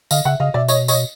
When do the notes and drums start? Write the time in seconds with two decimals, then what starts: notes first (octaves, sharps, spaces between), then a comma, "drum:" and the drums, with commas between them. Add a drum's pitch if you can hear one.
0.11 D3 D#5 F5, drum: tambourine
0.25 C#3 E5 F#5
0.40 C#3 D#5 F5
0.54 B2 D5 E5
0.68 C#5 D#5, drum: tambourine
0.88 C#5 D#5, drum: tambourine